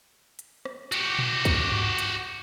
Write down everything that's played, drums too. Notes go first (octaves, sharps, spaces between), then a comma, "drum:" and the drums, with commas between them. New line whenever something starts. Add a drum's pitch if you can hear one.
drum: hi-hat
drum: rim click
F#4 G4, drum: hi-hat
drum: tom A#2
drum: kick, hi-hat
drum: tom G2
drum: hi-hat